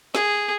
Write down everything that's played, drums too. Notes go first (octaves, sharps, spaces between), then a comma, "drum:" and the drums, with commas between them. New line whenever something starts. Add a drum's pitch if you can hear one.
G#4, drum: snare